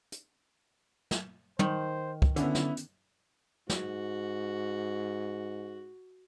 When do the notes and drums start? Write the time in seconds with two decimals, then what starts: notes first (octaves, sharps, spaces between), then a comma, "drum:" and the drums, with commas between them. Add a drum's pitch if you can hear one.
0.12 drum: hi-hat
1.11 drum: snare
1.59 D#3 C5, drum: tom
2.22 drum: kick
2.36 D3 B3 C#4 E4, drum: hi-hat
2.55 drum: snare
2.77 drum: hi-hat
3.70 G#2 F#4, drum: snare